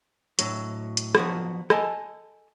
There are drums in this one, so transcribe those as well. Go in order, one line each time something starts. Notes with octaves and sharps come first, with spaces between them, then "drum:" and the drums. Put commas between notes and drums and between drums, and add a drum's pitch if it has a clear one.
A2 F#3, drum: hi-hat
drum: hi-hat
F3 F#3 B3 F#4, drum: rim click
A4 D#5 G#5 A5, drum: rim click